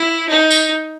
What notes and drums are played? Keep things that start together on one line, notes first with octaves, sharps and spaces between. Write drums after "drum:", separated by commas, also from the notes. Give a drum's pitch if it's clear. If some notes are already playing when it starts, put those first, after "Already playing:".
Already playing: E4
D#4
drum: tambourine